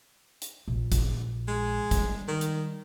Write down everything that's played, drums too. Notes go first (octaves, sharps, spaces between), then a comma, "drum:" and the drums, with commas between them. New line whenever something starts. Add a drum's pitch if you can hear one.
drum: hi-hat
A#1
drum: kick, hi-hat
G#3
G3, drum: kick, hi-hat
D#3
drum: hi-hat